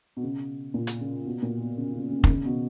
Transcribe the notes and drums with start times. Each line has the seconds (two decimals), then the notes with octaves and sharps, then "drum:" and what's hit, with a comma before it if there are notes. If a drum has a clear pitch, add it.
0.17 B2
0.23 C#3
0.74 A#2
0.87 drum: hi-hat
1.01 C#3
1.25 B2
1.42 A#2
1.61 B2
1.77 C#3
1.94 C#3
2.11 C#3
2.24 D#3, drum: kick F1
2.29 C#3
2.45 B2